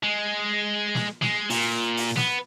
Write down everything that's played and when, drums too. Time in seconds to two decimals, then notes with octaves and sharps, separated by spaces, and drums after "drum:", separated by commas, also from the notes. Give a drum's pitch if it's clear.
0.03 G#3
0.95 drum: snare
1.22 G#3, drum: snare
1.50 A#2, drum: open hi-hat
1.97 drum: open hi-hat
2.17 B3, drum: snare